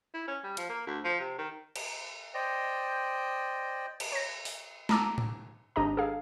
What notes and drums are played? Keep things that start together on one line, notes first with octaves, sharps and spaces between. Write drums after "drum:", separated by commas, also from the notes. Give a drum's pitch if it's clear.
E4
C#4
G3
F3, drum: hi-hat
A#3
D2
F3
C3
D#3
drum: cymbal
C5 D5 D#5 G5
drum: cymbal
C#5 A#6
drum: open hi-hat
A5 A#5 D6 E6, drum: snare
drum: tom
G#1 D4 G4 D#5 A#5
G#4 A4 F5